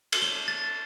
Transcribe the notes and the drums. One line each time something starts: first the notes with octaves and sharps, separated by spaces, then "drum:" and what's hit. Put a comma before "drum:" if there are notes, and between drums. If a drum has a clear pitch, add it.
drum: cymbal
G7
A6